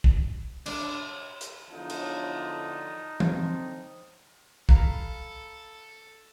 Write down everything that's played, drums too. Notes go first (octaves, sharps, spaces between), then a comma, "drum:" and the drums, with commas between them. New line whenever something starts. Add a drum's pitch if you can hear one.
drum: kick
D4, drum: cymbal
drum: hi-hat
E2 D3 F3 D#4 A5
drum: cymbal
D3 C4, drum: tom
A4 F5 A#5 B5, drum: kick